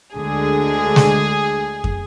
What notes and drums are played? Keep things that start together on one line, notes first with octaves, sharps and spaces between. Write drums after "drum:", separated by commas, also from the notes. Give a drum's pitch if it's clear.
D2 D3 G#3 G#4
drum: snare
drum: kick